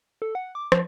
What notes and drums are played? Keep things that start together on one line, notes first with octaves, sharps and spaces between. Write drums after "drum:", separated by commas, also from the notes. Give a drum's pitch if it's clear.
A4
F#5
D6
F3, drum: rim click